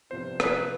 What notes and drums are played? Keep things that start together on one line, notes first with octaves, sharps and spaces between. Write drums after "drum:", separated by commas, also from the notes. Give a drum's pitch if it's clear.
C2 C3 F3 B3 F4 C5
B4, drum: rim click